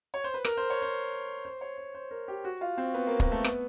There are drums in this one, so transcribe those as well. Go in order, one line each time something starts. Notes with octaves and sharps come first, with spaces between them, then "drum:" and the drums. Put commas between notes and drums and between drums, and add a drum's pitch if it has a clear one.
C#5
C5
B4
A#4, drum: rim click
C5
C#5
C5
C5
C#5
C5
C5
A#4
G4
F#4
F4
C4
B3
A#3
A#3, drum: kick
A3
B3, drum: rim click